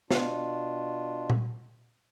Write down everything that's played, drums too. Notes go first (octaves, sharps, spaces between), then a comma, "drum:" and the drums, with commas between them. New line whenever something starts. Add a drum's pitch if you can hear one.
B2 D4 F4, drum: snare
drum: tom A#2